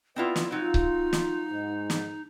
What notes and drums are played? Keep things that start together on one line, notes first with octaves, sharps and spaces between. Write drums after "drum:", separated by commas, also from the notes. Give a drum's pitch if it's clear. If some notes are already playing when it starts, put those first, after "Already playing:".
B3 C4 E4 F4 B4 D5
drum: snare
F#3 C4 D#4 F4
drum: kick C#1
drum: snare
G#2
drum: snare